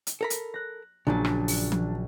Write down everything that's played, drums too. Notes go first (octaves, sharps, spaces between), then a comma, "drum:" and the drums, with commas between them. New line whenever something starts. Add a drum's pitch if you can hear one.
drum: hi-hat
A4 A#4 B5
drum: hi-hat
F#6 A#6
A#1 C#3 F3 F#3 D4 A6
drum: rim click
drum: open hi-hat
drum: tom